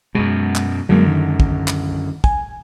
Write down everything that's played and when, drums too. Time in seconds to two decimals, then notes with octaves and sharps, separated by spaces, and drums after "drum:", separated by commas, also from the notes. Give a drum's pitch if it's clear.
0.15 F#2 B2 G#3
0.55 drum: clap
0.89 F#2 D3 F#3 G#3 A#3
1.07 D#3
1.40 drum: kick
1.68 drum: clap
2.24 G#5, drum: kick